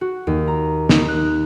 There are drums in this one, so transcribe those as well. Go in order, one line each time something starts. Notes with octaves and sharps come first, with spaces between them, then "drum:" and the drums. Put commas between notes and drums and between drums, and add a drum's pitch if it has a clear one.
F#4
D#2
A#5
D#4, drum: snare
F#6